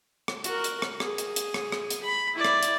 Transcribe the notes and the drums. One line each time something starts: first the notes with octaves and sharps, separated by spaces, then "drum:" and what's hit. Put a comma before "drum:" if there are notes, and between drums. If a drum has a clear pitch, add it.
drum: rim click
F#4 A#4, drum: hi-hat
drum: hi-hat
drum: rim click
G#4, drum: rim click
drum: hi-hat
drum: hi-hat
drum: rim click
drum: rim click
drum: hi-hat
B5
E4 D5
drum: rim click
drum: hi-hat